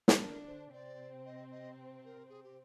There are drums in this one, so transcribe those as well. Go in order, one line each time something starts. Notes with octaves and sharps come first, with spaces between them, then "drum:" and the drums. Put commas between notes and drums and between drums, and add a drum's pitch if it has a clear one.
drum: snare
D3 D4 A#4
C5
C3 C4 D5
D#5
D#5
A#4
G#4
G4